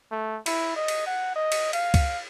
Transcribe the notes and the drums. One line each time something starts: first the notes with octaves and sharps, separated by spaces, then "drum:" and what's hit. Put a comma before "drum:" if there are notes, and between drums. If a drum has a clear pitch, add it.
A3
E4, drum: cymbal
D#5
drum: cymbal
F#5
D#5
drum: cymbal
F5, drum: cymbal
drum: kick C#2, cymbal